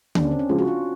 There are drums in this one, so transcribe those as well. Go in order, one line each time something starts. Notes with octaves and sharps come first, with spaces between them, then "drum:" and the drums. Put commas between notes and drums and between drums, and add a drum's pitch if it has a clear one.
D#2 D4, drum: tom D3
C#4
C4
C#4
C#3 F3 G#3 F4
F#4
F4